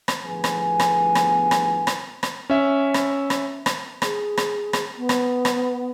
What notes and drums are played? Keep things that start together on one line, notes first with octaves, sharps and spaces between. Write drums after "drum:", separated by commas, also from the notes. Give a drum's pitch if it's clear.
drum: rim click
G1 A2 F3 B3 G#4 G#5
drum: rim click
drum: rim click
drum: rim click
drum: rim click
drum: rim click
drum: rim click
C#4 E5
drum: rim click
drum: rim click
drum: rim click
G#4, drum: rim click
drum: rim click
drum: rim click
B3
drum: rim click
drum: rim click